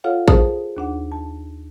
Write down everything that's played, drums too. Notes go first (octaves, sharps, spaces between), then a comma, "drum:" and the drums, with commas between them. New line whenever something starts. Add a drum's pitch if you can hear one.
F4 A4 C#5 F5 F#5
G#4 A#4 C5 A5 D#6, drum: kick
D#2 D4 F#5
A5